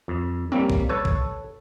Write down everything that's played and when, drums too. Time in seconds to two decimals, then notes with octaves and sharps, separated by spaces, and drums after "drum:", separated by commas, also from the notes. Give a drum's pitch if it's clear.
0.08 F2
0.52 G3 A#3 C4 C#4
0.70 drum: kick A#1
0.89 A4 B4 C#5
1.05 drum: kick A#1